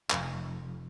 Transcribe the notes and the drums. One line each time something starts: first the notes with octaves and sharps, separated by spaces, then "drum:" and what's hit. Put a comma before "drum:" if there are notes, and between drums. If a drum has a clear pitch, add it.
F1 F2, drum: clap